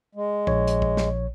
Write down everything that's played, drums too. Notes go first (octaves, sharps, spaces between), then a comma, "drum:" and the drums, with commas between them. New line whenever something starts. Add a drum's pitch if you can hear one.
G#3
A#1 C#5, drum: kick
drum: hi-hat
drum: kick
drum: snare